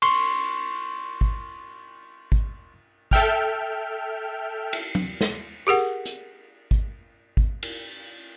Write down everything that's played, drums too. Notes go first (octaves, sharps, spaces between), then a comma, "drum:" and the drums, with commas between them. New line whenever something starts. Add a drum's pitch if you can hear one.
C6 C#6, drum: cymbal
drum: kick
drum: kick
A4 E5 G5 F6, drum: kick
drum: cymbal
drum: tom
drum: snare
G4 G#4 A#4 F#5
drum: hi-hat
drum: kick
drum: kick
drum: cymbal